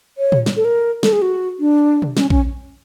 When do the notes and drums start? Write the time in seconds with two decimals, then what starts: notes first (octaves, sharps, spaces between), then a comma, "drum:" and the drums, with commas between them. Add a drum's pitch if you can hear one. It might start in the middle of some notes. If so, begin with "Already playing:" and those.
0.18 C#5
0.32 drum: tom A2
0.46 drum: snare
0.56 A4
0.65 A#4
1.03 A4, drum: snare
1.12 G#4
1.22 F#4
1.60 D4
2.02 drum: tom B2
2.17 C#4, drum: snare
2.30 C#4, drum: kick A#1